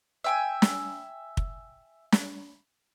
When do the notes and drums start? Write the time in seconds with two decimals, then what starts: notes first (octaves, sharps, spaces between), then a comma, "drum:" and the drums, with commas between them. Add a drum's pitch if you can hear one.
0.24 E5 G5 G#5
0.62 drum: snare
1.37 drum: kick
2.12 drum: snare